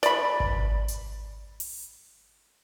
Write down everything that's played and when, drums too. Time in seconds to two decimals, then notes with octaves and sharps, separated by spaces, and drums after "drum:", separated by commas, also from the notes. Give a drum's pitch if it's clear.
0.03 D5 B5, drum: snare
0.40 drum: kick G#1
0.88 drum: hi-hat
1.60 drum: open hi-hat